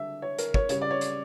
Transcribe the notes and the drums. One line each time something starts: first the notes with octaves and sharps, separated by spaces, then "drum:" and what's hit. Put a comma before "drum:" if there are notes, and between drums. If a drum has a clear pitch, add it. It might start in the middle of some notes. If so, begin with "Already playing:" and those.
Already playing: D3 G3 D4 E5
C#5
A#4, drum: hi-hat
C#5, drum: kick
C#3 G3 C#4 C#5, drum: hi-hat
D5
C#5
drum: hi-hat